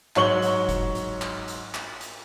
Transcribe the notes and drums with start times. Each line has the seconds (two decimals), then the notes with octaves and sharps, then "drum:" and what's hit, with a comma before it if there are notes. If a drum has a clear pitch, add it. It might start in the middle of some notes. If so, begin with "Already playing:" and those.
0.16 G#2 F#3 C#5 C#6 F#7 G7, drum: clap
0.42 drum: hi-hat
0.69 drum: kick F1, hi-hat
0.95 drum: hi-hat
1.22 drum: clap
1.48 drum: hi-hat
1.74 drum: clap
2.01 drum: hi-hat